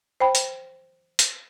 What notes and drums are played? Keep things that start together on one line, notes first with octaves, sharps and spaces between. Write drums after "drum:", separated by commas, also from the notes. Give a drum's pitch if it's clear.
C5 G5 B5
drum: hi-hat
drum: hi-hat